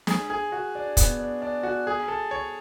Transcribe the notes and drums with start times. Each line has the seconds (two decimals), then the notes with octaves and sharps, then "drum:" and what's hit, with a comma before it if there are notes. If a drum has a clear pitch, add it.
0.07 G#4, drum: snare
0.30 G#4
0.52 F#4
0.75 D4
0.97 B3, drum: kick, hi-hat
1.20 D4
1.42 D4
1.63 F#4
1.87 G#4
2.08 A4
2.31 C#5